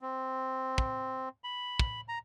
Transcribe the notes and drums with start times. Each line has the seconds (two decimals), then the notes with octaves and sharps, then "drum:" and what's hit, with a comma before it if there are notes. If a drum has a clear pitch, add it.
0.01 C4
0.78 drum: kick
1.44 B5
1.79 drum: kick
2.08 A#5